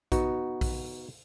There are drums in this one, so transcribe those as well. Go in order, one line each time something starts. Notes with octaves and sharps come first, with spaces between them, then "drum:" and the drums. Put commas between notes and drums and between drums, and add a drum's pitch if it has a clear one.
B3 D#4 F#4, drum: kick A#1, hi-hat
drum: kick A#1, open hi-hat